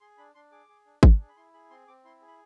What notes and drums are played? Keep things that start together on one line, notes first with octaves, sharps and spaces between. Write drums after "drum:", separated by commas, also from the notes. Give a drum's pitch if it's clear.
G#4 C6
D4 B5
D4 C6
G#4 D6
G#4
D4
D4, drum: kick G#1
G#4
B5
E4 C6
G#4 B5
C4 C6
C4 D6
E4 C6
G#4
B5